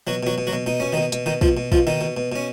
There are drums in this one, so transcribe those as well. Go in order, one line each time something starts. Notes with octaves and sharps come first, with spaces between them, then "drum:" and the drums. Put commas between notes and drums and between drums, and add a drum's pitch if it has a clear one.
B2 F#3 F#4
B2 F#3 F#4
B2
F#3 F#4
B2
B2 D#4
B2 C#4
B2 D#3 D#4
B2, drum: hi-hat
B2 D#3 D#4
B2 F3 F4, drum: kick
B2
B2 F3 F4, drum: kick
B2 D#3 D#4
B2
B2
B2 C#4